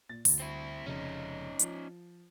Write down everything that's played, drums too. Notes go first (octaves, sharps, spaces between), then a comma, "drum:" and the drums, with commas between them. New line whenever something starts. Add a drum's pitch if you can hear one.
A#2 A6
D2, drum: open hi-hat
C4 E4
F1 C#3 C#4 D#4
F3, drum: hi-hat